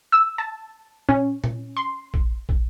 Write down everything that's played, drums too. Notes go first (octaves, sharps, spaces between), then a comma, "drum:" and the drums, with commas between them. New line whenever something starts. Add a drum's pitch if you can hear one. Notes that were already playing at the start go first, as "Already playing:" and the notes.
E6
A5
C#4, drum: tom A#2
drum: tom A#2
C6
drum: kick
drum: kick